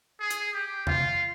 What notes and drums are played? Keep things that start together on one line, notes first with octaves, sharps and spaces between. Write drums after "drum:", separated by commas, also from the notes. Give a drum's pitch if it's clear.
G#4
drum: hi-hat
G4
F4, drum: tom E2